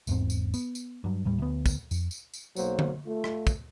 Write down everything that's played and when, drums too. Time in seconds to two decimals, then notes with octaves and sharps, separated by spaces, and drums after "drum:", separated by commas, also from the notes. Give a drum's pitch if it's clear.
0.07 G#1 E2 G#2 C4, drum: tambourine
0.30 drum: tambourine
0.54 B3, drum: tambourine
0.75 drum: tambourine
1.04 G2 F#3
1.25 D#2 A2 G3
1.38 D2 B3
1.66 drum: kick, tambourine
1.91 F2, drum: tambourine
2.11 drum: tambourine
2.34 drum: tambourine
2.57 B1 F#3 A#3 C5, drum: tambourine
2.79 drum: tom D3
3.06 A3 F4
3.24 drum: rim click
3.47 drum: kick, tambourine